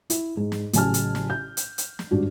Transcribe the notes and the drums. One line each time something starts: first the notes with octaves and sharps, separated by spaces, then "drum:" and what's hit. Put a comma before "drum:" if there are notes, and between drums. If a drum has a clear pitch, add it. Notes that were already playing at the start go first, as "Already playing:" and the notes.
E4, drum: hi-hat
G#2
drum: snare
A1 C#3 F#3 G#5 A5 F6, drum: hi-hat
drum: hi-hat
drum: snare
G6
drum: hi-hat
drum: hi-hat
drum: snare
G#1 G2 D4 F#4